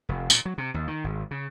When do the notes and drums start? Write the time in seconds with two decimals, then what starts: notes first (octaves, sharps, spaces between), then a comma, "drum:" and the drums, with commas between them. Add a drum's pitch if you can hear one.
0.09 F1
0.30 A#2, drum: tambourine
0.45 F#3
0.58 C3
0.74 D#2
0.88 D#3
1.04 G#1
1.31 C#3